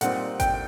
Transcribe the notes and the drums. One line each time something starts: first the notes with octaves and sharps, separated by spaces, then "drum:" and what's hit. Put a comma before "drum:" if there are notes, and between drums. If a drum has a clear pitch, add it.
A#2 G3 C4 D#4 F#5, drum: hi-hat
G5, drum: kick G#1, hi-hat